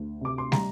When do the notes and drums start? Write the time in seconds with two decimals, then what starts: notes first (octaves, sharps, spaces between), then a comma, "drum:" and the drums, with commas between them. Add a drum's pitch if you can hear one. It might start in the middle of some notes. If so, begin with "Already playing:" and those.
Already playing: D2
0.21 C3 D6
0.38 C6
0.52 G3 A#5, drum: snare